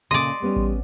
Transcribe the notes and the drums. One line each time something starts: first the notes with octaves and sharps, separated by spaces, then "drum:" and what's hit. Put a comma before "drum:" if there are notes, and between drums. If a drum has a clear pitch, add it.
A#2 C#3 A4 D5 D#5 C6
G3 B3 C#4
drum: kick A1